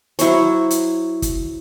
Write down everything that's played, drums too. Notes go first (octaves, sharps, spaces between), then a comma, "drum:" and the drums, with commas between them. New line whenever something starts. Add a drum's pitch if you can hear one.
F#3 E4 C5 C#5, drum: hi-hat
drum: hi-hat
drum: kick, hi-hat